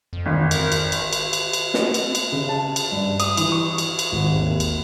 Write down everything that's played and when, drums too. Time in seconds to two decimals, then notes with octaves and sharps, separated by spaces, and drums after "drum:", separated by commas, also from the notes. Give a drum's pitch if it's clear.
0.13 F2
0.26 G#1
0.51 A#4, drum: cymbal
0.72 drum: cymbal
0.92 drum: cymbal
1.13 drum: cymbal
1.33 drum: cymbal
1.53 drum: cymbal
1.74 drum: snare
1.94 drum: cymbal
2.15 drum: cymbal
2.32 C#3
2.49 A5
2.76 drum: cymbal
2.92 G2
3.20 D#6, drum: cymbal
3.37 E3, drum: cymbal
3.52 C#6
3.78 drum: cymbal
3.99 drum: cymbal
4.12 G#1
4.36 D#2
4.60 drum: cymbal